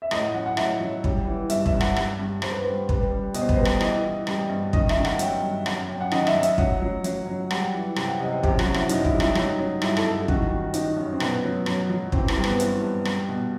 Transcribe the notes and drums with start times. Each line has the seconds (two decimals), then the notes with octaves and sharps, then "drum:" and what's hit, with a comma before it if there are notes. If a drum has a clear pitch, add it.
0.02 E5
0.11 A2 D#5, drum: rim click
0.22 F#5
0.34 F#3 F#5
0.46 F#5
0.57 A2 E5, drum: rim click
0.80 F#3
1.04 G3, drum: kick
1.26 E3
1.50 G2 E5, drum: hi-hat
1.66 E5, drum: kick
1.73 G2
1.81 F#5, drum: rim click
1.96 G2, drum: rim click
2.19 G2
2.42 G2 C5, drum: rim click
2.52 B4
2.61 C5
2.65 G3
2.89 G3 B4, drum: kick
3.11 G3
3.34 B2 D#5, drum: hi-hat
3.41 C5
3.49 B4, drum: kick
3.56 G3 C5
3.65 drum: rim click
3.81 E3 D#5, drum: rim click
4.04 E3
4.27 G3, drum: rim click
4.50 G2
4.73 D#3 D#5, drum: kick
4.89 E5, drum: rim click
4.97 D#3
5.05 F#5, drum: rim click
5.19 F#3 G5, drum: hi-hat
5.42 G2
5.66 F#2 F#5, drum: rim click
5.89 F#2 G5
6.01 F#5
6.11 D#3 D#5, drum: rim click
6.27 E5, drum: rim click
6.35 F#2
6.43 E5, drum: hi-hat
6.58 F#3 F#5, drum: kick
6.82 F#3
7.04 F#3, drum: hi-hat
7.27 F#3
7.51 G3 F#5, drum: rim click
7.73 E3
7.96 C3 G5, drum: rim click
8.09 F#5
8.20 C3 D#5
8.32 C5
8.43 F#2 G4, drum: kick
8.59 F#4, drum: rim click
8.66 F#2
8.74 E4, drum: rim click
8.89 F#2 D#4, drum: hi-hat
9.05 E4, drum: kick
9.13 G3
9.20 E4, drum: rim click
9.35 F#3 D#4, drum: rim click
9.59 F#3
9.82 G2 E4, drum: rim click
9.97 A4, drum: rim click
10.04 G2
10.12 A4
10.22 E4
10.28 D#3 F#4, drum: kick
10.50 D#3
10.74 D#3 D#4, drum: hi-hat
10.97 F#2
11.12 C4
11.20 B2 B3, drum: rim click
11.44 F#3
11.66 F#3, drum: rim click
11.90 F#3
12.12 E3 C4, drum: kick
12.28 C4, drum: rim click
12.36 G2
12.44 B3, drum: rim click
12.60 E3, drum: hi-hat
12.82 G2
13.05 G3, drum: rim click
13.29 B2